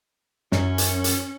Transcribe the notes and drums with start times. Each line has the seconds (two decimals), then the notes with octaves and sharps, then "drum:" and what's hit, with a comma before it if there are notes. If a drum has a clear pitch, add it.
0.52 F#2 C#4, drum: snare
0.78 drum: hi-hat
1.04 drum: hi-hat